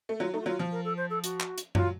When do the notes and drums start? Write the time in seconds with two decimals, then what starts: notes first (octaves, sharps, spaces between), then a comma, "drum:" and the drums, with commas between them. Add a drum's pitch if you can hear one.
0.09 A3
0.20 F#3 F4
0.32 A3 D#4
0.42 F#4
0.46 F#3 F4
0.59 F3
0.72 A#4
0.84 A4
0.97 C5
1.10 A4
1.24 F#4, drum: hi-hat
1.40 drum: clap
1.58 drum: hi-hat
1.75 F#3 F4, drum: tom F#2